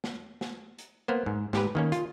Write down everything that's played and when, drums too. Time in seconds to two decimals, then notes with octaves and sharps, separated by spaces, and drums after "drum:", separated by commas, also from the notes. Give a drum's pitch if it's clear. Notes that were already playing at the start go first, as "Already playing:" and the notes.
0.04 drum: snare
0.41 drum: snare
0.78 drum: hi-hat
1.08 A#3 B3 C5
1.26 G#2
1.53 G#2 G4 B4, drum: snare
1.75 D#3 A#3 C#4
1.92 F4, drum: hi-hat